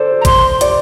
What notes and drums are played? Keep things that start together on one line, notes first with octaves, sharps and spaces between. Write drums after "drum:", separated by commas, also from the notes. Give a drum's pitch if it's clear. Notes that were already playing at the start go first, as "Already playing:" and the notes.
Already playing: A4 C5 D5
A#5
C6, drum: kick G#1, hi-hat
D5, drum: hi-hat